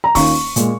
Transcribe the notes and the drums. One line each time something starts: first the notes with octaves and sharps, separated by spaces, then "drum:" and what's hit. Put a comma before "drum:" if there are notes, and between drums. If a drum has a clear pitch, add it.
A#5
D#2 D#3 A#3 C#4 F4 C#6, drum: kick C#1, open hi-hat
A#2 G#3, drum: hi-hat